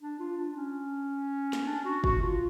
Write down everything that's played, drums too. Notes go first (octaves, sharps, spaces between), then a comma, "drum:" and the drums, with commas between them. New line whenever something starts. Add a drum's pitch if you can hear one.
D4
F4
D4
C#4
drum: snare
D4
F#4
F#4, drum: kick
F4